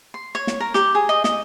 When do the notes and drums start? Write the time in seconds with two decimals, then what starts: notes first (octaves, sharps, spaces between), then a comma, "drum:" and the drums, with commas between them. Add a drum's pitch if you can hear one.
0.14 C6
0.35 C#5
0.47 drum: snare
0.60 A#4
0.74 G4, drum: snare
0.95 G#4
1.09 D#5
1.24 D#5, drum: snare